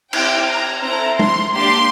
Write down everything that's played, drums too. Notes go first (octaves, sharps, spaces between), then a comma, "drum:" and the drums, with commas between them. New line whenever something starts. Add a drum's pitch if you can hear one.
C4 E4 G4 G5, drum: cymbal
A#5
C4 E4 A4 A#5
C6, drum: tom
A#3 D4 G4 C6